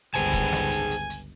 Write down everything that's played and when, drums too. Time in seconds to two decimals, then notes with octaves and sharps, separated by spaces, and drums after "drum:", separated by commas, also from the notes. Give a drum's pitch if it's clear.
0.14 G1 C#2 G#4 C5 G#5 A5, drum: hi-hat
0.33 drum: kick, hi-hat
0.52 drum: snare
0.72 drum: hi-hat
0.91 drum: hi-hat
1.10 drum: hi-hat